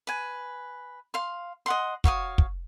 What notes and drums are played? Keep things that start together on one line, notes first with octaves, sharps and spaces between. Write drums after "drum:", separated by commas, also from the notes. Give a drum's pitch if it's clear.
B4 G#5
F5 C6
D#5 F#5 C6
F#4 C#5 F5 D#6, drum: kick
drum: kick